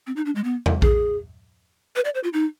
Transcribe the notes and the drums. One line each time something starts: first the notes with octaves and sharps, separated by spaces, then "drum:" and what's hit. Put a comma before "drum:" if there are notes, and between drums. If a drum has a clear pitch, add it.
C4
D#4
D4
G#3
B3
drum: tom E2
G#4, drum: kick A#1
B4
D5
C5
F4
D#4